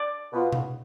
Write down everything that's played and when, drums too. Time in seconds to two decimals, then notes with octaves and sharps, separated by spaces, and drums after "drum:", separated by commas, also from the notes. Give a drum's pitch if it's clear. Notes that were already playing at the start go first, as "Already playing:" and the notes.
Already playing: D5
0.32 B2 B3 F4
0.52 drum: tom B2